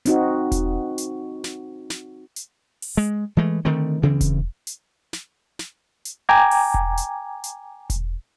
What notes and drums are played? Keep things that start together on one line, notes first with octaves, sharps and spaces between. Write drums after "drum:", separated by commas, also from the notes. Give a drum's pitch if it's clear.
C4 D#4 F#4, drum: hi-hat
drum: kick E1, hi-hat
drum: hi-hat
drum: snare
drum: snare
drum: hi-hat
drum: open hi-hat
G#3
E3 G#3 A3
D3 D#3 A3 C4
D2 C#3 E3 C4
drum: kick E1, hi-hat
drum: hi-hat
drum: snare
drum: snare
drum: hi-hat
G5 G#5 A#5 D6 G#6
drum: open hi-hat
drum: kick E1
drum: hi-hat
drum: hi-hat
drum: kick E1, hi-hat